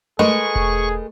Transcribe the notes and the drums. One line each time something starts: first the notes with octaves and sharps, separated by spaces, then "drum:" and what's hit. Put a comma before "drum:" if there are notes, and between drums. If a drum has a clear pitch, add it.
G#3 A3 G#4 A#4 B4 C#6
drum: kick E1